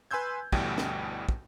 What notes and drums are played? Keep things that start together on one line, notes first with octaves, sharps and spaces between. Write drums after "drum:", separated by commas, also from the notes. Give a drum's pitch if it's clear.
B4 G#5 C6 E6 G6 G#6
G1 D2 B2 E3 G3 G5, drum: kick
drum: snare
drum: kick